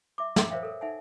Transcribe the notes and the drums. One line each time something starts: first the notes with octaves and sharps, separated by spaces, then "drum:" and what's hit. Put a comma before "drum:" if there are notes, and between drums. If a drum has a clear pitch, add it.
E5 D6
E5, drum: snare
A#4 C5 C#5 E5 F5 G5
A4 A#4
D#4 E5 F#5 G#5